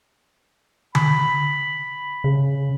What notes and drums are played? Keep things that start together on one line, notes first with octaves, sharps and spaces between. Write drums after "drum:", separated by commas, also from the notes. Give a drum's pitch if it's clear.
B5, drum: tom D3
C#3